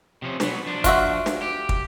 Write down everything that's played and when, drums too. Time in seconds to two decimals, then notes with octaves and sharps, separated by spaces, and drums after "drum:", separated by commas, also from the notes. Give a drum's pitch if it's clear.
0.22 C3 F3 C#4
0.40 F#3 B3, drum: snare
0.66 F3 D4
0.84 F4 F#4 E5, drum: kick, hi-hat
1.26 drum: snare
1.42 G4
1.69 drum: kick